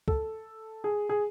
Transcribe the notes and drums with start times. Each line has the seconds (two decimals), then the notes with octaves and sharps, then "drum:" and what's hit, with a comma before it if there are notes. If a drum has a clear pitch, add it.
0.08 A4, drum: kick
0.84 G#4
1.09 G#4